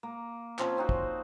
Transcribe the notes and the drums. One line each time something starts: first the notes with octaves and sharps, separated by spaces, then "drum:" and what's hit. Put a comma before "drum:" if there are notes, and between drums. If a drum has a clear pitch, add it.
A#3
F3 C4 C#4 D#5, drum: clap
F3 C4 D#4 F#4
drum: kick